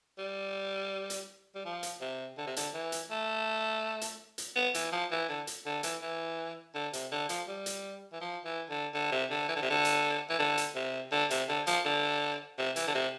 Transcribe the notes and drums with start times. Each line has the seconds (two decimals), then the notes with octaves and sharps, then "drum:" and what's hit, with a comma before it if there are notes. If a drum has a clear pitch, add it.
0.18 G3
1.10 drum: hi-hat
1.55 G3
1.65 F3
1.83 drum: hi-hat
2.01 C3
2.38 D3
2.47 C3
2.56 D3, drum: hi-hat
2.74 E3
2.92 drum: hi-hat
3.10 A3
4.01 drum: hi-hat
4.38 drum: hi-hat
4.56 B3
4.74 E3, drum: hi-hat
4.92 F3
5.11 E3
5.28 D3
5.47 drum: hi-hat
5.66 D3
5.83 E3, drum: hi-hat
6.02 E3
6.75 D3
6.93 C3, drum: hi-hat
7.11 D3
7.29 F3, drum: hi-hat
7.48 G3
7.66 drum: hi-hat
8.13 E3
8.21 F3
8.44 E3
8.69 D3
8.94 D3
9.12 C3
9.30 D3
9.48 E3
9.56 D3
9.62 C3
9.70 D3
9.85 drum: hi-hat
10.30 E3
10.39 D3
10.58 drum: hi-hat
10.75 C3
11.12 D3
11.30 C3, drum: hi-hat
11.49 D3
11.67 F3, drum: hi-hat
11.85 D3
12.58 C3
12.76 E3, drum: hi-hat
12.87 D3
12.94 C3